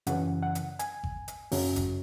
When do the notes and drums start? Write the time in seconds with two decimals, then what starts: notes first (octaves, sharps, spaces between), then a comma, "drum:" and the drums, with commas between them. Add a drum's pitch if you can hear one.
0.07 F#2 C#3 E3 F#5, drum: hi-hat
0.43 F#5
0.55 drum: hi-hat
0.79 G#5, drum: hi-hat
1.04 drum: kick G#1
1.28 drum: hi-hat
1.52 F#2 C#3 F#3, drum: open hi-hat
1.76 drum: kick G#1, hi-hat